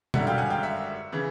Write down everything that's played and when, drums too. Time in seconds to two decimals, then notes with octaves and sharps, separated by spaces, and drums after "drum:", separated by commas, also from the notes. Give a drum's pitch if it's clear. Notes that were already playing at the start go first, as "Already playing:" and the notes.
0.14 G#1 F#2 D3 G3 E5 F#5, drum: tom B2
0.27 F5 G5
0.38 F#5 G#5
0.50 F5 G5
0.63 E5 F#5
1.12 C#3 E3